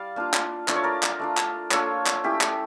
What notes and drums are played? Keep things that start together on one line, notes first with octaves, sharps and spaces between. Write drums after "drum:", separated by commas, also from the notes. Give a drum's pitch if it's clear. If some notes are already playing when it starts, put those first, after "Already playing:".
Already playing: G3 D5 F5
A#3 D4 F4
drum: clap
A3 D4 F4 D5, drum: clap
C#5
A#4 D5
drum: clap
A3 D4 F4
drum: clap
A#3 D4 F4 A4 C#5, drum: clap
drum: clap
A3 C#4 E4 G4
drum: clap